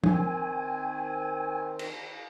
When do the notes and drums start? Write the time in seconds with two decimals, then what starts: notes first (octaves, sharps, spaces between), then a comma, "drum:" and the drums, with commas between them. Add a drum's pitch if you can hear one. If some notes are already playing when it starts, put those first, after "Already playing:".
0.04 D#3 C4 G#5, drum: tom
1.79 drum: cymbal